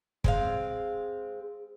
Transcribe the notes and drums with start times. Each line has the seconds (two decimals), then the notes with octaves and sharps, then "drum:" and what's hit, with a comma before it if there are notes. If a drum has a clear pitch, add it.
0.24 G#3 C4 F5, drum: kick